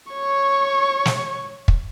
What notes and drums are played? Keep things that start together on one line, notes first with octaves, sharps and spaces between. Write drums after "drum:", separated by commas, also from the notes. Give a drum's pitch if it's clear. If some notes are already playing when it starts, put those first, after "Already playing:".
C#5 C#6
drum: snare
drum: kick